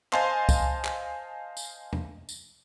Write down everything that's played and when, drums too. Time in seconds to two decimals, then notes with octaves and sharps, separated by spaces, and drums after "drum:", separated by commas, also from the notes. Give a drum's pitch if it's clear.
0.13 C5 D#5 F5 G#5 A5 C6, drum: clap
0.49 drum: kick C2, tambourine
0.85 drum: clap
1.57 drum: tambourine
1.93 drum: tom E2
2.29 drum: tambourine